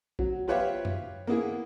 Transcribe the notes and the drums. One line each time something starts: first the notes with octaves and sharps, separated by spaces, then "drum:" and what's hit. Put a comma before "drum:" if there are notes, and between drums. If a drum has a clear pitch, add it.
F#3, drum: kick
F4 G4 B4 C#5 E5 F5
drum: tom F#2
A#3 B3 E4 G#4